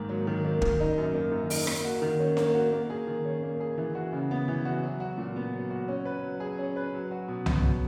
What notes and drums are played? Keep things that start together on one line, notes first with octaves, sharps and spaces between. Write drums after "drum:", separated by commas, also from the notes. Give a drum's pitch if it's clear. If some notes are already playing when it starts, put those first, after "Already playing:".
Already playing: G#2 D#3 A#3
F#3
D#3
A#3
D#3, drum: kick
D#4
F#2
A#3
D#3
D#4, drum: open hi-hat
A#3, drum: rim click
F#4
D#3
C#4
A#3, drum: snare D4
F#4
A#3
G#4
D#3
C#4
A#3
G#4
E3
F#4
C#3
B3
E3
F#4
F#3
F#4
A#2
B3
F#3
F#4
C#4
B4
F#3
G#4
C#4
B4
F#3
F#4
B2
B3, drum: tom C2
F#3